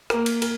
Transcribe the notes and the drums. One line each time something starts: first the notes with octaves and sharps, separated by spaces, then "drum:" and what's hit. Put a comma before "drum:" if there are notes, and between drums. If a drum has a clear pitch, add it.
A#3 A#4, drum: rim click
drum: cymbal
A#4, drum: cymbal